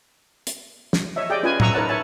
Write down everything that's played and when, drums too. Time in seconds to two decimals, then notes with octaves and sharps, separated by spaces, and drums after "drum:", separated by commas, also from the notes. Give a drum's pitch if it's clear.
0.47 drum: hi-hat
0.93 drum: snare
1.16 C#5 D#5 E5
1.30 G4 G#4 D5 D#5 G5
1.43 C#4 F4 B4 D#5 G#5
1.60 E5 F#5 A#5 C#6 D#6 E6, drum: tom A2
1.74 D#4 A#4 B4 C#5 F#5 A5
1.88 B4 C#5 E5 G#5 A5 B5